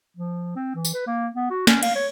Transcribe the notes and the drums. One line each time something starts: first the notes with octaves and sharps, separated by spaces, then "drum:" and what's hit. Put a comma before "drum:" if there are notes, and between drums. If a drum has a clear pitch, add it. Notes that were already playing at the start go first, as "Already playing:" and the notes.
F3
C4
E3
drum: tambourine
B4
A#3
B3
F#4
C#4, drum: snare
F5, drum: cymbal
C#5